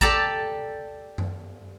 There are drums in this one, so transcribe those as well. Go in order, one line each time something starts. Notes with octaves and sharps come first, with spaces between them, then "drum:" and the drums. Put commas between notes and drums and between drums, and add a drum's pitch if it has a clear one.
G4 A4 D5 A5 A#5, drum: kick A1
drum: tom F#2